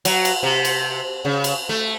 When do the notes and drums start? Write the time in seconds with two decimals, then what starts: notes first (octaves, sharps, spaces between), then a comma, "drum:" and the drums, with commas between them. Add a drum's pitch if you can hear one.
0.05 F#3, drum: cymbal
0.25 drum: cymbal
0.43 C3
0.65 drum: cymbal
1.25 C#3
1.44 drum: cymbal
1.69 A3